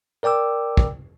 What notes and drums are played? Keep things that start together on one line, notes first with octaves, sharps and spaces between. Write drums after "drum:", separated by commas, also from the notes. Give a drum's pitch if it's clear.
A#4 D5 G5 D6 E6
drum: kick